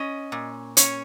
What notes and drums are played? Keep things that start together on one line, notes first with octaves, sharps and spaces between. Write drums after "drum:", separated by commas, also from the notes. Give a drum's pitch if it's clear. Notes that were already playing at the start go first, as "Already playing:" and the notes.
Already playing: C#4 D#5
A#2
C#4 C#5, drum: hi-hat